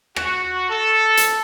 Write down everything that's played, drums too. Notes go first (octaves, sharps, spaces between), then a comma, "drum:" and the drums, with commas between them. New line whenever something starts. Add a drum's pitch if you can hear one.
F#4, drum: rim click
A4
drum: hi-hat